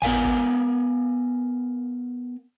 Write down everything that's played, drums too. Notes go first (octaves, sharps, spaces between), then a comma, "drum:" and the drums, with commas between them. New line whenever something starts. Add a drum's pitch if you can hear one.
B3 A#4 F5 G#5, drum: tom G#1
drum: kick A1